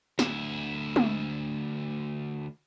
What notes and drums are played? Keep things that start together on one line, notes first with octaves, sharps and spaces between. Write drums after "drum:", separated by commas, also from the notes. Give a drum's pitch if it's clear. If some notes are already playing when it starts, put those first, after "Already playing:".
D2 E4, drum: snare
drum: tom